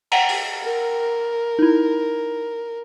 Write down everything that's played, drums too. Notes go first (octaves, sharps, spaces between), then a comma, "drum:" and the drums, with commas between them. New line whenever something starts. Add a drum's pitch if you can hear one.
F#5 G5 A#5, drum: cymbal
drum: open hi-hat
A#4
D#4 E4